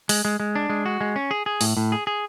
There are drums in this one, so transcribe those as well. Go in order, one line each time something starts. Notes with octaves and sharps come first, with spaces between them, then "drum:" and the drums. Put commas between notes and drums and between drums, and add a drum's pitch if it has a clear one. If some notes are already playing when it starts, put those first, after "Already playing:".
G#3, drum: open hi-hat
G#3
G#3
D4
G#3
F#4
G#3
C#4
G#4
G#4
A2, drum: open hi-hat
A2
G#4
G#4